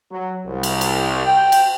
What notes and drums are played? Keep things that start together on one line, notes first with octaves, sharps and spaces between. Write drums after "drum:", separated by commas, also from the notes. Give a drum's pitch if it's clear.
F#3
C2
drum: cymbal
drum: cymbal
G5
drum: cymbal